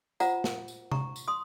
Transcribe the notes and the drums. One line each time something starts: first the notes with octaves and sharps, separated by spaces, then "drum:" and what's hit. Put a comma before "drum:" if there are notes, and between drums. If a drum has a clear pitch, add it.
F4 C5 F#5 A#5, drum: tambourine
drum: snare
drum: tambourine
A#5 C#6, drum: tom C3
drum: tambourine
C6 D#6